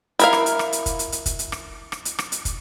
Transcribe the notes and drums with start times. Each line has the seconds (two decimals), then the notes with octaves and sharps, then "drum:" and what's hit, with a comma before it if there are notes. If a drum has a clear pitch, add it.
0.19 E4 A#4 F5, drum: hi-hat
0.33 drum: rim click
0.46 drum: hi-hat
0.59 drum: rim click
0.73 drum: hi-hat
0.86 drum: kick, hi-hat
0.99 drum: hi-hat
1.12 drum: hi-hat
1.26 drum: kick, hi-hat
1.39 drum: hi-hat
1.52 drum: rim click
1.92 drum: rim click
2.05 drum: hi-hat
2.19 drum: rim click
2.32 drum: hi-hat
2.45 drum: kick, hi-hat